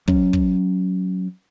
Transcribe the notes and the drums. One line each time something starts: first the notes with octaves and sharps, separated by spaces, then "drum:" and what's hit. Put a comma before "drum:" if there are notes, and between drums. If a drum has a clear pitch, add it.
F#3 C#4, drum: kick
drum: kick